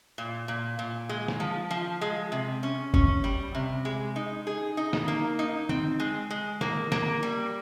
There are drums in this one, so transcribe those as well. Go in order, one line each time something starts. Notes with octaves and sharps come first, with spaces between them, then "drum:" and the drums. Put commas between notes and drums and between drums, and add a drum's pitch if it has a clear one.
A#2
A#2
A#2
G#3
drum: snare
F3
F3
G#3
C3
C#4
C#4, drum: kick
G3
C3
G#3
D#4
G#4
D#4
drum: snare
A#3
D#4
C4, drum: tom
G#3
G#3
A#3, drum: snare
A#3, drum: snare
G3